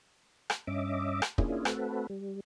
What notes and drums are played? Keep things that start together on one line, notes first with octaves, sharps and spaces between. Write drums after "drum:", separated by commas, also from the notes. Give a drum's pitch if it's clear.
drum: rim click
G2 C#4 D#5 E5 D6
drum: rim click
A#3 C#4 D4 E4 F4 G#4, drum: kick
A3 C4 F#4 A4 B4, drum: rim click
G3